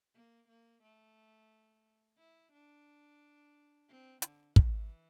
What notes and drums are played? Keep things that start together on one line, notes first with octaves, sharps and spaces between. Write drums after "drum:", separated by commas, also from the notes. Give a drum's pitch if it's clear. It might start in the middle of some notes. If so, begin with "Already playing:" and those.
A#3
A#3
A3
E4
D4
C4
D3, drum: hi-hat
E3, drum: kick